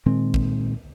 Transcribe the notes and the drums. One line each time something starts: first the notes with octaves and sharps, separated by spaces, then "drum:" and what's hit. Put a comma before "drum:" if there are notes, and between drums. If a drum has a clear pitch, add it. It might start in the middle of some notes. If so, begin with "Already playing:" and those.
A#2 D#3 G#3 C4
drum: kick